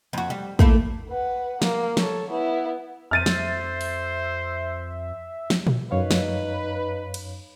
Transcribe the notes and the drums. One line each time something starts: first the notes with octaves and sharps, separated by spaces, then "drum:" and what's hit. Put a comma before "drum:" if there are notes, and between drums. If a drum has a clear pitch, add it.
F2 F#4
G3
A3 A#3 E4, drum: kick
B4 F#5
A#3, drum: snare
A4 C#5, drum: snare
B3 E4
F2 C5 E5 F6 A6 D#7
drum: snare
drum: open hi-hat
drum: snare
drum: tom A#2
F#2 D#4 B4 C#5 F5
drum: snare
drum: cymbal